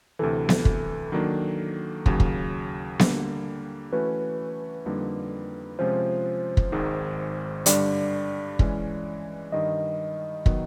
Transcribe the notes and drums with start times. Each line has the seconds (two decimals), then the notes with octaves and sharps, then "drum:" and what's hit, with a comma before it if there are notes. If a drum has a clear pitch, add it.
0.19 D2 C3 E3 A4
0.49 drum: snare B3
0.65 drum: kick
1.12 D#3 F#3 A#3 D4
2.06 D#2 C#3 F#3, drum: kick
2.20 drum: kick
2.99 D3 G3 A#3, drum: snare B3
3.93 E3 A3 C#4 F#4 B4
4.86 F2 D3 G3 A#3 D#4
5.79 C3 F3 G#3 C#4 F4 C5
6.57 drum: kick
6.72 G#1 G#2 D#3 G#3
7.66 G2 D3 G3 D5, drum: hi-hat
8.59 E3 G#3 C#4, drum: kick
9.52 G2 D#3 G3 D#5
10.46 D#3 F#3 B3, drum: kick